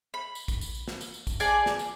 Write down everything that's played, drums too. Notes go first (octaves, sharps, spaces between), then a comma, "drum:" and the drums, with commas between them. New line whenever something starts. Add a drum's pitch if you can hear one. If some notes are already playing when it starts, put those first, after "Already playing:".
B5
drum: tambourine
drum: kick, tambourine
drum: tambourine
drum: tambourine
drum: snare
drum: tambourine
drum: tambourine
drum: kick, tambourine
G#4 D5 G#5 A5, drum: tambourine
drum: snare
drum: tambourine